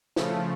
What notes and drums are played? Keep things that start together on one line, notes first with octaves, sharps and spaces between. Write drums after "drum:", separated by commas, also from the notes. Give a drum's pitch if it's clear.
C#3 F3 A3, drum: snare